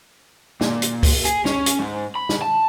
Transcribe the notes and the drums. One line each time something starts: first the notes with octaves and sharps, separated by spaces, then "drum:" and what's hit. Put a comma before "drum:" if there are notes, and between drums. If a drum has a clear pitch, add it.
A#2, drum: snare
drum: hi-hat
drum: kick C#2, open hi-hat
G#4, drum: hi-hat
C#4, drum: snare
drum: hi-hat
G#2
B5
drum: snare
A5